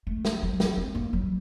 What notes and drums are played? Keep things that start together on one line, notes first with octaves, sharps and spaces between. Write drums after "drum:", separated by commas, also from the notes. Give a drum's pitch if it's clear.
A3
drum: snare
F#3
drum: snare
C4
A#3
F#3